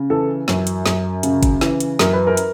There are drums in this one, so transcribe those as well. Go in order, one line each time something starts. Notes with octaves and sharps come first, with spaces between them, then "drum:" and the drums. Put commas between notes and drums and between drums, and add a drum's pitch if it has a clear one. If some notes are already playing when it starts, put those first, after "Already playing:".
Already playing: C#3
E3 A4
F#2, drum: snare
drum: hi-hat
F#2, drum: snare
C#3, drum: hi-hat
drum: kick G1, hi-hat
E3, drum: snare
drum: hi-hat
F#2 A#4, drum: snare
B4
A#4
drum: hi-hat